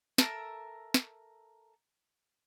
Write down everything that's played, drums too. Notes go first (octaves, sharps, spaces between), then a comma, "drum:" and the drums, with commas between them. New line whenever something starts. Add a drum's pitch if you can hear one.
A4 A#4 E5, drum: snare
drum: snare